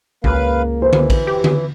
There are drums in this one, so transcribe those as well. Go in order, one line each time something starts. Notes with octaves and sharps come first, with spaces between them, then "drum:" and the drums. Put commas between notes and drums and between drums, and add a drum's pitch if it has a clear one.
C#2 A#3 B4 F5, drum: kick
E3 C5
drum: tom D3
drum: kick, cymbal
G4
drum: tom D3